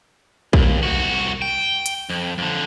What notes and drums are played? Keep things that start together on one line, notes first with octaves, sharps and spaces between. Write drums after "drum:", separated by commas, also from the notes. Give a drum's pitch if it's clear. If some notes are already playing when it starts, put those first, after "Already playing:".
D#2, drum: kick A#1
C2 F#4
G5
drum: hi-hat
F2
F2 D3